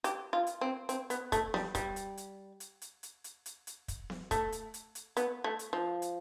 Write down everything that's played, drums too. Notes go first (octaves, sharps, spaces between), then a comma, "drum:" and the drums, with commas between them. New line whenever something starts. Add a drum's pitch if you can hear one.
G4, drum: hi-hat
F4
drum: hi-hat
C4
C4, drum: hi-hat
B3, drum: hi-hat
A3, drum: kick, hi-hat
G3, drum: snare B3
G3, drum: kick, hi-hat
drum: hi-hat
drum: hi-hat
drum: hi-hat
drum: hi-hat
drum: hi-hat
drum: hi-hat
drum: hi-hat
drum: hi-hat
drum: kick, hi-hat
drum: snare B3
A3, drum: kick, hi-hat
drum: hi-hat
drum: hi-hat
drum: hi-hat
B3, drum: hi-hat
A3
drum: hi-hat
F3
drum: hi-hat